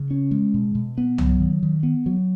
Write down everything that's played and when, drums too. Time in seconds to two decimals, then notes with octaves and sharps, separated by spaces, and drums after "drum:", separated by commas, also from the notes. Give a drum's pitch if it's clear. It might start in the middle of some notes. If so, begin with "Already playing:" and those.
Already playing: C#3
0.11 C#4
0.31 G#3
0.54 B2
0.75 B2
0.98 B3
1.18 F#3, drum: tom C2
1.40 D#3
1.63 D#3
1.83 B3
2.06 F#3